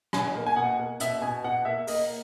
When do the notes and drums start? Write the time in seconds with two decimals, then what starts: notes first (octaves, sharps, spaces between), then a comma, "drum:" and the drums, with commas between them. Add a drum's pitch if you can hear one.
0.13 B2 G#5, drum: rim click
0.35 A#3
0.46 G#5
0.56 B2 F#5
0.79 A#3
1.00 B2 E5, drum: hi-hat
1.22 B2 G#5
1.44 B2 F#5
1.65 A#3 E5
1.87 A#3 D#5, drum: open hi-hat